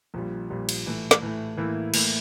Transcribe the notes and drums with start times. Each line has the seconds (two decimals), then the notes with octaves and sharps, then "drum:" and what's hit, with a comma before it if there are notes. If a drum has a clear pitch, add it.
0.14 A#1 A#2 G3
0.50 A#1 A#2 G3
0.69 drum: cymbal
0.86 A2 E3 A3
1.11 drum: snare
1.22 A2 E3 A3
1.57 A2 E3 A#3 E4
1.94 A2 E3 A#3 E4, drum: cymbal